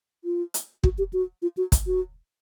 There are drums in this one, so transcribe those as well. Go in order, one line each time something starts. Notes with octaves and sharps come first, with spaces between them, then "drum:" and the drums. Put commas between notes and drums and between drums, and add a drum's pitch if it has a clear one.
F4
drum: hi-hat
F#4, drum: kick
G4
F#4
F4
F#4
drum: kick, hi-hat
F#4